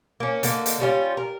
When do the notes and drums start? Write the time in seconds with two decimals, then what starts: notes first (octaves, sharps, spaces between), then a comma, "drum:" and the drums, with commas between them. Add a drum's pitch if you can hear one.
0.20 A#3 C#4
0.43 D3 A#3, drum: hi-hat
0.66 drum: hi-hat
0.80 G3 C#4 F4
1.17 A#4